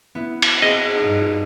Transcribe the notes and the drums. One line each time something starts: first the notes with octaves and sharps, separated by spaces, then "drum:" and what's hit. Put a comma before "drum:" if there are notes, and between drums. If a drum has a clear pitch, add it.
B3 E4
drum: cymbal
C4 G#4 D#5
G2 D#4